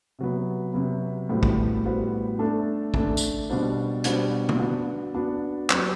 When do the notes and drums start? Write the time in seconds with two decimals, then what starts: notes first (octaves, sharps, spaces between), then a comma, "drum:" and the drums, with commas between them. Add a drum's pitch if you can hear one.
0.19 C3 F#3 B3
0.74 C3 F#3 B3
1.29 A2 G3 B3 F#4 C5
1.43 drum: kick
1.84 A2 G3 B3 F#4 C5
2.39 A3 D4 A4
2.94 A3 D4 A4, drum: kick
3.17 drum: tambourine
3.50 B2 G3 D4 F#4 C5
4.04 B2 G3 D4 F#4 C5, drum: hi-hat
4.49 drum: tom
4.59 B3 D4 F#4
5.14 B3 D4 F#4
5.70 F#3 C4 G4 B4, drum: clap